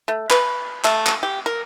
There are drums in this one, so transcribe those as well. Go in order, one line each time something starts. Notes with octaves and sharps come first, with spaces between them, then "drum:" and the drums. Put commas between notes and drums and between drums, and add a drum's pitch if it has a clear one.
A3
B4, drum: clap
A3, drum: clap
drum: clap
G4
A#4